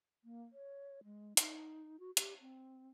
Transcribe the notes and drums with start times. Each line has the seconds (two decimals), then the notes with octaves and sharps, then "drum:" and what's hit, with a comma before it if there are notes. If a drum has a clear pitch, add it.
0.24 A#3
0.52 C#5
1.04 G#3
1.37 D#4, drum: hi-hat
2.00 F#4
2.17 G4, drum: hi-hat
2.41 C4